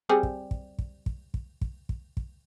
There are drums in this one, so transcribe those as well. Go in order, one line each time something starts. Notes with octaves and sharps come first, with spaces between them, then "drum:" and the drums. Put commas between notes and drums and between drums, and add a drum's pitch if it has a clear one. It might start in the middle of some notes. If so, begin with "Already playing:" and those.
G3 C4 G#4
drum: kick
drum: kick
drum: kick
drum: kick
drum: kick
drum: kick
drum: kick
drum: kick